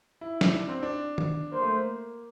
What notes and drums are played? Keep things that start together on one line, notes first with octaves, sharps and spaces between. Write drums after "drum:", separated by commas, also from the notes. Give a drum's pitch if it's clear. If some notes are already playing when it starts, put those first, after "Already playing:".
E4
drum: snare
D4
C4
D4
drum: tom D#3
A#3 C5
A3
A#3